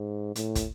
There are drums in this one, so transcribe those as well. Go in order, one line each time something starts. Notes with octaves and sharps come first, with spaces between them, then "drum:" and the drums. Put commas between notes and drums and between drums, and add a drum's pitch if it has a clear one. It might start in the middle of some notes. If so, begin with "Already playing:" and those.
Already playing: G#2
A2, drum: hi-hat
drum: kick, hi-hat